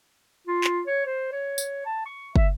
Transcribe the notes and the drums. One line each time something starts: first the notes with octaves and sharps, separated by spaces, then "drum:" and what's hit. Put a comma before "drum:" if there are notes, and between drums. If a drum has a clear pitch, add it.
F4
drum: clap
C#5
C5
C#5
drum: tambourine
A5
C#6
E5, drum: kick